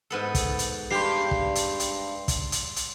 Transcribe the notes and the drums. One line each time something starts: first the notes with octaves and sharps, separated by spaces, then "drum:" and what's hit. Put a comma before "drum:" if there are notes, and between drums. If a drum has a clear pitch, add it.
G#2 B3 A4
drum: kick, hi-hat
drum: hi-hat
G2 G4 C6 C7
drum: kick
drum: hi-hat
drum: hi-hat
drum: kick, hi-hat
drum: hi-hat
drum: hi-hat